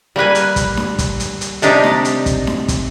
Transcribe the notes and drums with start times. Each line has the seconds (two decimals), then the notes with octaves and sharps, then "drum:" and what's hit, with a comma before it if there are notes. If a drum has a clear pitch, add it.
0.16 G3 A#3 B4 G#5
0.35 drum: hi-hat
0.56 drum: kick, hi-hat
0.77 drum: snare D4
0.99 drum: kick, hi-hat
1.20 drum: hi-hat
1.41 drum: hi-hat
1.62 C3 D4 D#4 G4 D5, drum: hi-hat
1.83 drum: snare D4
2.05 drum: hi-hat
2.26 drum: kick, hi-hat
2.47 drum: snare D4
2.68 drum: kick, hi-hat